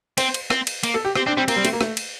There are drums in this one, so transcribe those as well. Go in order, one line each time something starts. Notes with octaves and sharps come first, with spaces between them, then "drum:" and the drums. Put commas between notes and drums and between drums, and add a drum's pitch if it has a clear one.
C4 C5, drum: cymbal
drum: cymbal
C4, drum: rim click
drum: cymbal
A#3, drum: cymbal
A4
G4
C4 G4, drum: rim click
C4 D4
G3 C4
A#3 C4, drum: cymbal
G3
A3, drum: cymbal
A#3
A3, drum: rim click
drum: cymbal